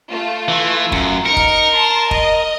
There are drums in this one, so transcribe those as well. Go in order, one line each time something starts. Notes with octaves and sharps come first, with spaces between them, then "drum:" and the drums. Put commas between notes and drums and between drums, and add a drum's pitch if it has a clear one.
A3 F4
E3
F#2, drum: kick
D#4 A#4 C#7
drum: kick
A5 C6
D#5, drum: kick